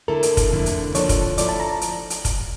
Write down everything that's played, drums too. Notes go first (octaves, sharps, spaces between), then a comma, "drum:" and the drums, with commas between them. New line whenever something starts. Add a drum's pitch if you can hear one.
D3 A3 E4 A4 A#4
drum: hi-hat
drum: kick, hi-hat
F2 D3 A3 E4
drum: hi-hat
F3 A#3 D4 A4 C#5, drum: hi-hat
drum: kick, hi-hat
F3 A3 E4 A4 D5, drum: hi-hat
A5
A#5
drum: hi-hat
drum: hi-hat
drum: kick, hi-hat